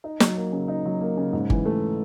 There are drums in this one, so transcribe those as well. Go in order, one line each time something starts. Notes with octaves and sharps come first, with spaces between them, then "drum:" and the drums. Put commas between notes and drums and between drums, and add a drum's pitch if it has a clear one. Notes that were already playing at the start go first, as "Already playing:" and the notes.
D#4
F#3, drum: snare
A#3
C#3
D#4
F#3
A#3
C#3
G#2
E3, drum: kick G1
A3